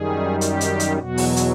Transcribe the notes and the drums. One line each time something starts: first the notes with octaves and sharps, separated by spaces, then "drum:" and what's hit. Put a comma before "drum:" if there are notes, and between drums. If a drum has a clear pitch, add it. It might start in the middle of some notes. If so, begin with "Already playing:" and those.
Already playing: F#2 D#3 G3 G#4
G4, drum: hi-hat
drum: hi-hat
drum: hi-hat
E2 B2 F#3 F#4
drum: open hi-hat
drum: hi-hat